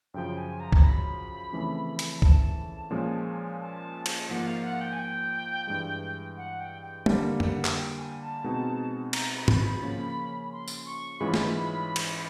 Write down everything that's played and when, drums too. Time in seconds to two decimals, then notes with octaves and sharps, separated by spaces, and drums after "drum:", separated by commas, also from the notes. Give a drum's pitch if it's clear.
0.14 F#2 C#3 F3 G5
0.37 G#5
0.60 A#5
0.72 drum: kick C2
0.84 B5
1.52 F2 C#3 E3 A3 C#4
1.99 drum: hi-hat
2.22 A5, drum: kick C2
2.91 A#2 F3 G#3 C#4
3.60 A5
4.06 drum: cymbal
4.29 G#2 F3 A#3 F#5
4.47 F5
4.64 F#5
4.81 G5
4.92 G#5
4.99 G5
5.67 G2 E3 G#3
6.37 F#5
6.60 G5
6.82 G5
7.06 D3 G3 A#3 F#5, drum: tom
7.40 F#5, drum: tom F2
7.65 drum: clap
7.75 G5
7.98 G#5
8.21 A5
8.44 B2 G#3 C4 D#4
9.13 A#5, drum: cymbal
9.36 B5
9.48 drum: tom G#2
9.60 B5
9.82 C#3 F3 A#3 C#4
10.52 C6
10.68 drum: tambourine
10.86 C#6
11.20 G#2 E3 G#3 C#4 F4 B5
11.34 drum: snare
11.96 drum: cymbal